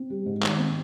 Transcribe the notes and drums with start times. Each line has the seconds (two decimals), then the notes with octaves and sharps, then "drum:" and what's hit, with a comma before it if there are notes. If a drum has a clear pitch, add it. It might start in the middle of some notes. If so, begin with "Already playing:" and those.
Already playing: C4
0.10 G3
0.26 G#2
0.42 D#3, drum: clap
0.59 C4